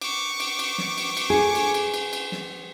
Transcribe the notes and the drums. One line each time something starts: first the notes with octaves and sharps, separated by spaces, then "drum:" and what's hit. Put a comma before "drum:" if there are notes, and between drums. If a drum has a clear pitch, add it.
C#6 D6, drum: cymbal
drum: cymbal
drum: cymbal
drum: snare
drum: cymbal
drum: cymbal
G#4
drum: cymbal
drum: cymbal
drum: cymbal
drum: cymbal
drum: snare